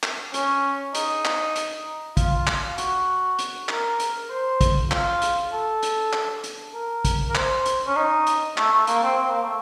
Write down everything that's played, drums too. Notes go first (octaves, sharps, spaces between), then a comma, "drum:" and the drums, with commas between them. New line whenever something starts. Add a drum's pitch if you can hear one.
drum: clap
C#4, drum: hi-hat
D#4, drum: hi-hat
drum: clap
drum: hi-hat
F4, drum: kick, hi-hat
drum: clap
F#4, drum: hi-hat
drum: hi-hat
A#4, drum: clap
drum: hi-hat
C5
drum: kick, hi-hat
F4, drum: clap
drum: hi-hat
A4
drum: hi-hat
drum: clap
drum: hi-hat
A#4
drum: kick, hi-hat
A#4
C5, drum: clap
drum: hi-hat
C#4
D#4
drum: hi-hat
A3, drum: clap
A3
A#3, drum: hi-hat
C4
C4
A#3
A3